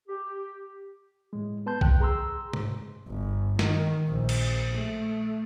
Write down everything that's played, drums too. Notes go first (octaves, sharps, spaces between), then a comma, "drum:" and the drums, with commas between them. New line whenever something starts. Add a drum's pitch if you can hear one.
G4
A2 G#3
B3 B4 A5 C6 G6
G5 F#6 G6, drum: kick B1
G#4 A#5 C6 E6
G#2, drum: tom
G1
D#3, drum: snare
A#1
drum: cymbal
A3